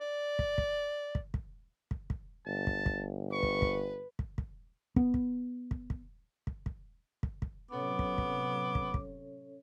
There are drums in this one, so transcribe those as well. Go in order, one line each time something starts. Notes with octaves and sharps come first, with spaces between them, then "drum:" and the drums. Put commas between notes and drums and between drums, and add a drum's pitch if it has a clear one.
D5
drum: kick
drum: kick
drum: kick
drum: kick
drum: kick
drum: kick
G1 A5
drum: kick
drum: kick
B4 C#6
drum: kick
drum: kick
drum: kick
drum: kick
B3, drum: kick
drum: kick
drum: kick
drum: kick
drum: kick
drum: kick
drum: kick
drum: kick
A2 C3 F#3 B3 C#4 A4 C#5 D6
drum: kick
drum: kick
drum: kick
drum: kick